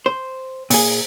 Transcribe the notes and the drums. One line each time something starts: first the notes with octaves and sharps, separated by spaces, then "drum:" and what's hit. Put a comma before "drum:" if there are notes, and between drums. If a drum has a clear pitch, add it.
C5
A#2 G#4, drum: open hi-hat